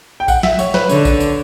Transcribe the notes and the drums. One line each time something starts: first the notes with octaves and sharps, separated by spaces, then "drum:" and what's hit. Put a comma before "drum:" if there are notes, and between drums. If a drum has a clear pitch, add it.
G5
F#5, drum: kick A#1, tambourine
E5, drum: snare
C#5, drum: tambourine
B4, drum: snare
D3 C#5, drum: tambourine
drum: kick A#1, tambourine
drum: tambourine